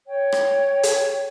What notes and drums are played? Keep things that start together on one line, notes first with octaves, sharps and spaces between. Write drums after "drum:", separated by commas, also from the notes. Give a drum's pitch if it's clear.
C#5 G5
drum: rim click
drum: hi-hat